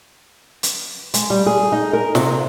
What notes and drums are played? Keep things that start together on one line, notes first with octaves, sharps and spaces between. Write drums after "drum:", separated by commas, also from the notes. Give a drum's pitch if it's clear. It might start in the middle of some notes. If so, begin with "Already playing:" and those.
drum: hi-hat
G#3, drum: hi-hat
G3
G#4
D#4
A#4
C3, drum: snare